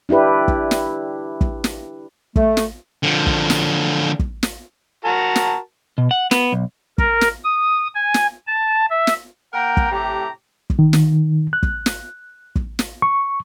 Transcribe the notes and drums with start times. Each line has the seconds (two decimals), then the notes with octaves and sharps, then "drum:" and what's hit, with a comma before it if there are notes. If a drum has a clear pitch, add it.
0.09 D4 E4 G4 B4
0.48 drum: kick
0.71 drum: snare
1.41 drum: kick
1.64 drum: snare
2.36 A3, drum: kick
2.57 drum: snare
3.03 D3 F3
3.27 drum: kick
3.50 drum: snare
4.19 drum: kick
4.43 drum: snare
5.05 F#4 A#4 A5
5.36 drum: snare
5.98 B2
6.11 F#5
6.31 B3, drum: snare
6.53 B1
6.98 A#4, drum: kick
7.21 drum: snare
7.44 D#6
7.95 G#5
8.14 drum: snare
8.47 A5
8.90 E5
9.07 drum: snare
9.54 A#3 A#4 F#5 G5 A#5
9.77 drum: kick
9.92 A2 C3 A3 G4 A#5
10.70 drum: kick
10.79 D#3
10.93 drum: snare
11.53 F#6
11.63 drum: kick
11.86 drum: snare
12.56 drum: kick
12.79 drum: snare
13.02 C#6